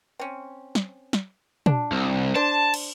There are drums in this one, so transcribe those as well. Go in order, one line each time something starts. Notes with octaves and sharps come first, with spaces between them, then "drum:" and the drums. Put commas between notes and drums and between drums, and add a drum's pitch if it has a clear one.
C4 C#4
drum: snare
drum: snare
D4, drum: tom
C2
D4 C5 A5
drum: cymbal